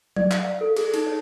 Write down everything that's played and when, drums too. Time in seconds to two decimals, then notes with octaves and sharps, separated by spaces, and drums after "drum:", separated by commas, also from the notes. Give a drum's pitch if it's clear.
0.16 D5, drum: tom F#3
0.31 F5, drum: clap
0.45 F5
0.61 A4
0.77 G#4, drum: cymbal
0.94 D#4, drum: cymbal
1.07 C#5